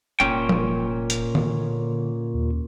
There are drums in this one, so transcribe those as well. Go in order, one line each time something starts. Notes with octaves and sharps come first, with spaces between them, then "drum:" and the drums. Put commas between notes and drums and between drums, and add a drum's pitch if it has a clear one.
F1 A#2 C#4 G5
drum: tom F3
drum: hi-hat
D3, drum: tom D3
D#2